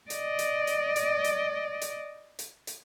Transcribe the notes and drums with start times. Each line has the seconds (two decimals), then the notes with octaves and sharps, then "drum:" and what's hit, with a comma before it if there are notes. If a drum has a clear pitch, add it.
0.10 D5 D#5, drum: hi-hat
0.39 drum: hi-hat
0.67 drum: hi-hat
0.96 drum: hi-hat
1.24 drum: hi-hat
1.82 drum: hi-hat
2.39 drum: hi-hat
2.67 drum: hi-hat